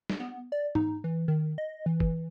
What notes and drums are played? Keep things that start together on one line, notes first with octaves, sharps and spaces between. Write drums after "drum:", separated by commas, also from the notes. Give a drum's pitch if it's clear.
drum: snare
B3
D5
D#4, drum: tom G#2
E3
D#3
D#5
E3
E3, drum: kick